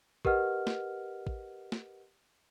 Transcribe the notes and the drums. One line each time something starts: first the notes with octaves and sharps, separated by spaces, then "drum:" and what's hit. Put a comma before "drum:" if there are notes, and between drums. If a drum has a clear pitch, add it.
G4 A#4 B4 D#5 F#5 F6, drum: kick
drum: snare
drum: kick
drum: snare